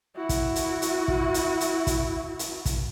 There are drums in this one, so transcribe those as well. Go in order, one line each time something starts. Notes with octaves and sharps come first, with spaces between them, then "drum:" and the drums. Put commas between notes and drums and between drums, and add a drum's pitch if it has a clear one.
E4 F#4
drum: kick, hi-hat
drum: hi-hat
drum: hi-hat
drum: kick
drum: hi-hat
drum: hi-hat
drum: kick, hi-hat
drum: hi-hat
drum: kick, hi-hat